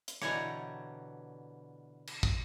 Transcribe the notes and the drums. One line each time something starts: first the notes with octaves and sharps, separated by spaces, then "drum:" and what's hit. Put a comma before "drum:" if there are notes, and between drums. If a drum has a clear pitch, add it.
drum: hi-hat
B2 D3 E3 G4 C#5 A#5, drum: rim click
drum: cymbal
drum: kick